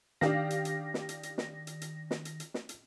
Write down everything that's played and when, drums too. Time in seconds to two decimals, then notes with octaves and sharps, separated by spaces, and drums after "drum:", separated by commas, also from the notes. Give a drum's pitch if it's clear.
0.21 D#3 D4 G4 F5 A#6, drum: snare
0.50 drum: hi-hat
0.65 drum: hi-hat
0.94 drum: snare
1.09 drum: hi-hat
1.23 drum: hi-hat
1.38 drum: snare
1.67 drum: hi-hat
1.81 drum: hi-hat
2.11 drum: snare
2.25 drum: hi-hat
2.40 drum: hi-hat
2.54 drum: snare
2.69 drum: hi-hat